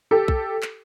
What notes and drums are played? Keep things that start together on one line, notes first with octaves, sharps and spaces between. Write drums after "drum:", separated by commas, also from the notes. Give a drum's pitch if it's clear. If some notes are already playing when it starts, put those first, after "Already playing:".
G4 A4
drum: kick B1
drum: clap